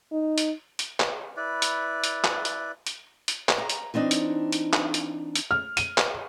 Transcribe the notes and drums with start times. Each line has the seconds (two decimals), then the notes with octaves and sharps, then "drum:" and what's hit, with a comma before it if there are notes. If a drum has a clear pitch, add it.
0.12 D#4
0.38 drum: hi-hat
0.79 drum: hi-hat
1.00 drum: clap
1.37 E4 B4 D5
1.62 drum: hi-hat
2.04 drum: hi-hat
2.24 drum: clap
2.45 drum: hi-hat
2.87 drum: hi-hat
3.28 drum: hi-hat
3.49 drum: clap
3.58 A#5
3.70 drum: hi-hat
3.94 E3 C4 D4 D#4
4.11 drum: hi-hat
4.52 drum: hi-hat
4.73 drum: clap
4.94 drum: hi-hat
5.35 drum: hi-hat
5.51 F6
5.77 D#7, drum: hi-hat
5.98 drum: clap